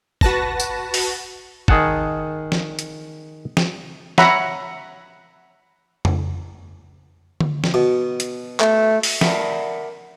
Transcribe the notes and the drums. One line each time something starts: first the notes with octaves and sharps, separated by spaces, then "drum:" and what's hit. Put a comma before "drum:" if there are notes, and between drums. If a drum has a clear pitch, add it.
F#4 B4 A5 A#6, drum: kick
drum: tambourine
drum: open hi-hat
D#3 G#4 F#5 A5, drum: kick
drum: snare
drum: hi-hat
drum: snare
C#5 E5 F#5 A#5 B5, drum: snare
drum: tom
drum: tom D3
drum: snare
B2
drum: hi-hat
A3, drum: clap
drum: open hi-hat
A#4 D5 E5 F#5 A5 B5, drum: snare